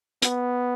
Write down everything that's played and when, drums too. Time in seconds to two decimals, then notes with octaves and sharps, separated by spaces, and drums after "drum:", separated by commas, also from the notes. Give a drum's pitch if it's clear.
0.22 B3, drum: hi-hat